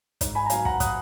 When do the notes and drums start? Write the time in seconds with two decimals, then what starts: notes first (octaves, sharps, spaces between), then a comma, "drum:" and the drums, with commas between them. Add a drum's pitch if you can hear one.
0.21 G#2, drum: kick, hi-hat
0.35 G#5 B5
0.46 A#5
0.50 F#3 B3 D#4 F5 G#5, drum: hi-hat
0.65 F#5 A#5, drum: kick
0.80 D#6 F#6, drum: kick, hi-hat